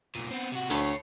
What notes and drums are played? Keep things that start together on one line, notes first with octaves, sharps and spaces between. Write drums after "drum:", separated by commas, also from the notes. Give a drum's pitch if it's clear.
C2 A#2
B3 C4
C3 F#4
D2 A4 C#5, drum: hi-hat